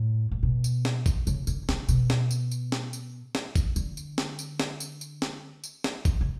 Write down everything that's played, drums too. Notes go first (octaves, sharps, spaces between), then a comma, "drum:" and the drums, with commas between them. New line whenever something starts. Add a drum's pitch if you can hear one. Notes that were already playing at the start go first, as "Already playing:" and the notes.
Already playing: A2
A2
B2
drum: tambourine
drum: snare
drum: kick G#1, tambourine
C#3, drum: tambourine
D3, drum: tambourine
D3, drum: snare
B2, drum: tambourine
drum: snare
drum: tambourine
drum: tambourine
drum: snare
drum: tambourine
drum: snare
drum: kick G#1, tambourine
D3, drum: tambourine
drum: tambourine
drum: snare
drum: tambourine
drum: snare
drum: tambourine
drum: tambourine
drum: snare
drum: tambourine
drum: snare
drum: kick G#1, tambourine
C#3